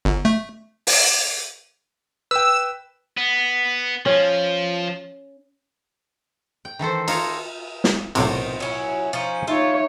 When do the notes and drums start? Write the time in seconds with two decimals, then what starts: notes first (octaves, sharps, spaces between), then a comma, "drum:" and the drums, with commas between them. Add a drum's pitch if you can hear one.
0.05 G1
0.25 A3
0.87 drum: open hi-hat
2.31 B4 G5 E6
3.17 B3
4.06 F3 C#4
6.65 G5
6.79 D#3 E3 A4 C5
7.08 D#4 F4 A4 A#4 C#5, drum: cymbal
7.84 drum: snare
8.15 B1 A2 C3 D#3 B3 C4, drum: cymbal
8.60 F#3 C#4 E4
9.13 F3 C#4 D#4
9.47 D#4 F4 C#5 E5